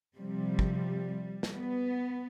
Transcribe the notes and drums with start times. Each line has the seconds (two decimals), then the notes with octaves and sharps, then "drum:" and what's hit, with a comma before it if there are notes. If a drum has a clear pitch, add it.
0.18 C3 F3 G3
0.59 drum: kick
1.43 drum: snare
1.53 B3